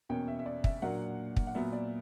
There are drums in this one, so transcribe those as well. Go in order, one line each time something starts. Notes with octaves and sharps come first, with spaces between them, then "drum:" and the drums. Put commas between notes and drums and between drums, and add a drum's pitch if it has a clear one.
E2 B2 A#3 C#4 G5
E5
E5
D5
E5, drum: kick
A#2 F#3 A#3 D4 F#5
drum: kick
F#5
A#2 F#3 B3 E5
D5